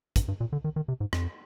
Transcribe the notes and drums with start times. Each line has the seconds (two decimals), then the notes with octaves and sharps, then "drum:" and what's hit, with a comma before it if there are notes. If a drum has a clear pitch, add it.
0.16 G2, drum: kick, hi-hat
0.28 G2
0.40 A#2
0.53 D3
0.64 D#3
0.76 D#3
0.88 C3
1.00 G#2
1.13 F2, drum: rim click